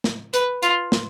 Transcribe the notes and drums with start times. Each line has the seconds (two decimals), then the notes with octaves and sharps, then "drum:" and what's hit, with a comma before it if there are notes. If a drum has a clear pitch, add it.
0.04 drum: snare
0.34 B4, drum: hi-hat
0.63 F4, drum: hi-hat
0.92 drum: snare